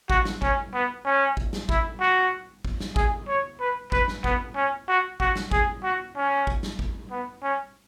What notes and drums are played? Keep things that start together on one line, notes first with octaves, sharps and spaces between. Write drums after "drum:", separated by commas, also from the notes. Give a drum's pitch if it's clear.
F#4, drum: kick G#1
drum: snare
C#4, drum: kick G#1
B3
C#4
drum: kick G#1
drum: snare
E4, drum: kick G#1
F#4
drum: kick G#1
drum: snare
G#4, drum: kick G#1
C#5
B4
B4, drum: kick G#1
drum: snare
B3, drum: kick G#1
C#4
F#4
F#4, drum: kick G#1
drum: snare
G#4, drum: kick G#1
F#4
C#4
drum: kick G#1
drum: snare
drum: kick G#1
B3
C#4